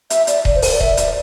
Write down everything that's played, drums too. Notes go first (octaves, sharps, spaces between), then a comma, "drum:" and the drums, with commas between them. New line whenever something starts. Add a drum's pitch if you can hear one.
E5, drum: hi-hat
D5, drum: hi-hat
drum: kick D#1
C5
A#4, drum: open hi-hat
D5
E5, drum: kick D#1
D5, drum: hi-hat